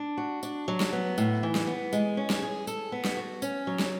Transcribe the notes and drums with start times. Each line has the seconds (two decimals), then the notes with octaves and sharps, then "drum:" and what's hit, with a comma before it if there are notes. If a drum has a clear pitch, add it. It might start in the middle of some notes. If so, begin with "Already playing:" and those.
Already playing: D4
0.17 F#4
0.43 D4, drum: tambourine
0.68 F#3
0.80 drum: snare
0.93 B3
1.18 A2, drum: tambourine
1.43 E3
1.55 drum: snare
1.67 B3
1.93 G#3, drum: tambourine
2.17 C#4
2.30 drum: snare
2.42 G#4
2.67 A4, drum: tambourine
2.92 B3
3.05 drum: snare
3.17 F#4
3.42 C#4, drum: tambourine
3.67 F#3
3.79 drum: snare